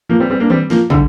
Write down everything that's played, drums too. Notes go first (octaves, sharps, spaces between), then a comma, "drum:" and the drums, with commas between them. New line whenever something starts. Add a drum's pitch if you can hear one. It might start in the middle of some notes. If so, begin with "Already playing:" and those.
F3 A#3
G3 C4
G3 C4
A#3 D4
G3 C4, drum: tom D#3
F3 A#3, drum: snare
D3 G3, drum: kick